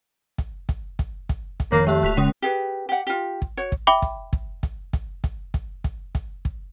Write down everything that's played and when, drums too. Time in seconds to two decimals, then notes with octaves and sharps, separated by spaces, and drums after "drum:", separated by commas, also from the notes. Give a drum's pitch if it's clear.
0.38 drum: kick, hi-hat
0.69 drum: kick, hi-hat
0.99 drum: kick, hi-hat
1.29 drum: kick, hi-hat
1.60 drum: kick, hi-hat
1.72 F2 D#3 F3 A#3 C#5
1.87 G#3 A3 G4
2.03 D1 F#6 B6 F7
2.17 C#3 G#3 C#4 D#6
2.42 G4 G#4 B4
2.89 G4 F#5
3.07 F4 G4
3.42 drum: kick
3.57 F#4 C#5
3.72 drum: kick
3.87 E5 G5 B5 D6 G7
4.02 drum: kick, hi-hat
4.33 drum: kick
4.63 drum: kick, hi-hat
4.93 drum: kick, hi-hat
5.24 drum: kick, hi-hat
5.54 drum: kick, hi-hat
5.84 drum: kick, hi-hat
6.15 drum: kick, hi-hat
6.45 drum: kick